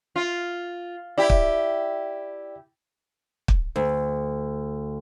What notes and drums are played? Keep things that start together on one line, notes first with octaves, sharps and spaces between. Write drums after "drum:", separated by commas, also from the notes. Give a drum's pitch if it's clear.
F4
E4 G4 D5
drum: kick
drum: kick
D2